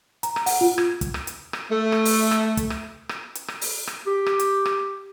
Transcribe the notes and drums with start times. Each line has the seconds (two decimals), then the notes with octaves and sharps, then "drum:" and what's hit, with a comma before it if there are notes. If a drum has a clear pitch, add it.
0.23 A#5, drum: hi-hat
0.36 drum: rim click
0.46 F#5, drum: open hi-hat
0.61 F4
0.78 G#6, drum: rim click
1.01 drum: kick, hi-hat
1.14 drum: rim click
1.27 drum: hi-hat
1.53 drum: rim click
1.71 A3
1.92 drum: rim click
2.05 drum: open hi-hat
2.31 drum: rim click
2.57 drum: kick, hi-hat
2.70 drum: rim click
3.09 drum: rim click
3.35 drum: hi-hat
3.48 drum: rim click
3.61 drum: open hi-hat
3.87 drum: rim click
4.07 G4
4.26 drum: rim click
4.39 drum: hi-hat
4.65 drum: rim click